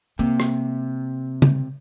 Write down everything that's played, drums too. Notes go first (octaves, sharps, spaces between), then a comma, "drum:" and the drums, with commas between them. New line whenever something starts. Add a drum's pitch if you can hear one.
C3 A#3
drum: rim click
drum: tom C#3